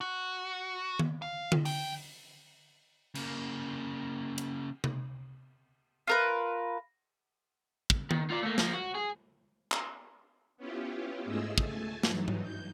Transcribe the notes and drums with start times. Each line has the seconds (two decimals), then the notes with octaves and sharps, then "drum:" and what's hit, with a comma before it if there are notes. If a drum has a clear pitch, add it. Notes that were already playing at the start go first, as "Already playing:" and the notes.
0.01 F#4
0.99 drum: tom D#3
1.22 F5
1.52 drum: tom D3
1.65 G5, drum: open hi-hat
3.15 C#3 A#3, drum: cymbal
4.38 drum: hi-hat
4.84 drum: tom C3
6.07 F4 A#4 B4
7.90 drum: kick
8.11 D#3, drum: tom D#3
8.30 F4 D5
8.42 A3 A#3
8.58 F3 A#3, drum: snare
8.73 F#4
8.95 G#4
9.72 drum: clap
10.57 B3 C#4 E4 F4 G4
11.25 G#2 A3 F4 G#4 D#5 E6
11.58 A3 G#5 A5, drum: kick
12.03 G2 E3 F#3 D#4, drum: snare
12.28 drum: tom G#2
12.42 G6